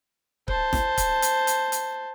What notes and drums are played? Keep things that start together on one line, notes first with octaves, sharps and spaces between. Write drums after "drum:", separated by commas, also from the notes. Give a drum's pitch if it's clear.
C5 A5, drum: kick C#1
drum: snare
drum: kick C#1, hi-hat
drum: hi-hat
drum: hi-hat
drum: hi-hat